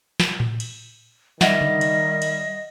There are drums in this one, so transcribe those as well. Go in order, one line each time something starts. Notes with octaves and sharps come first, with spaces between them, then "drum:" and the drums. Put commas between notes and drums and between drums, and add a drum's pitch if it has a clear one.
drum: snare
drum: tom A2
drum: cymbal
D#3 G3 D#5 E5 F#5, drum: snare
drum: tom C#3
drum: cymbal
drum: cymbal